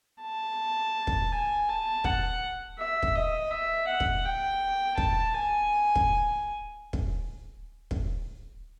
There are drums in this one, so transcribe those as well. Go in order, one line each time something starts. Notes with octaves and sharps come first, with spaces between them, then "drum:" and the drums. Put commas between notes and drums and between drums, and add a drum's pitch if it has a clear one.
A5
drum: kick
G#5
A5
F#5, drum: kick
E5
drum: kick
D#5
E5
F#5
drum: kick
G5
A5, drum: kick
G#5
drum: kick
drum: kick
drum: kick